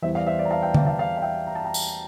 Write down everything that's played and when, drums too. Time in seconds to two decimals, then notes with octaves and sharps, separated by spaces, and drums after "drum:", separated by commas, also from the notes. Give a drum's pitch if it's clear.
0.02 E2 E3 G3 C5 E5
0.15 D5 F5
0.26 C5 E5
0.39 D5
0.45 A#5
0.50 F5 A5
0.62 E5 G5
0.74 D5 F5, drum: tom D3
0.86 F5 A5
0.99 F5 A5
1.17 F5
1.22 E5 G5
1.47 A#5
1.55 A5
1.65 G5 A#5
1.74 drum: tambourine